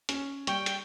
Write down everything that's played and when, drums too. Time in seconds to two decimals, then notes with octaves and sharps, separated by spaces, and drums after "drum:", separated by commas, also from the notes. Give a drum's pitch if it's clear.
0.09 C#4, drum: hi-hat
0.47 G3 G5 C#6 G7, drum: hi-hat
0.66 drum: hi-hat